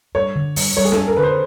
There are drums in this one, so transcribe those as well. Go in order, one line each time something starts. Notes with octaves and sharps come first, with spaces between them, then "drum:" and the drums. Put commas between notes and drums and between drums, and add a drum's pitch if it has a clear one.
G2 C#5
D3
G2, drum: open hi-hat
G3 C#5
G#4
A4, drum: snare
G2
A#4
D3 B4
C5